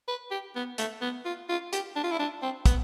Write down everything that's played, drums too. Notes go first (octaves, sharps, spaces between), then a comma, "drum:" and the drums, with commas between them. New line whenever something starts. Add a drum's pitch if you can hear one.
B4
G4
B3
A3, drum: hi-hat
B3
F4
F4
G4, drum: hi-hat
D4
F4
E4
D4
C4
B3, drum: kick, hi-hat